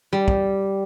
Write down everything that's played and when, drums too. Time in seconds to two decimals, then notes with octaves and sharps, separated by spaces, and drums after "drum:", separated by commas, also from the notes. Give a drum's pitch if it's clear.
0.13 G3
0.28 drum: kick